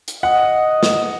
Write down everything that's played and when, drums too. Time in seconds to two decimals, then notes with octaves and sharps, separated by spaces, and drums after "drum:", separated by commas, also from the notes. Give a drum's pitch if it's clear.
0.08 drum: hi-hat
0.23 D#5 F#5
0.83 drum: snare